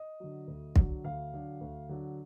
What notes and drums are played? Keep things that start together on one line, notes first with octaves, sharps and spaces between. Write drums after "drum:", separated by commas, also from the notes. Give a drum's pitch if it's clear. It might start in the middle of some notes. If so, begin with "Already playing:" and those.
Already playing: D#5
D3 F#3
D2
D3 F#3, drum: kick
D2 F5
D3 F#3
D2
D3 F#3